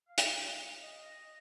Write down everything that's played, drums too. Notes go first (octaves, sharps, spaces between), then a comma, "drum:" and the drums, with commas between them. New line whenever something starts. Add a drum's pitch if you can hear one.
F5
drum: hi-hat
D#5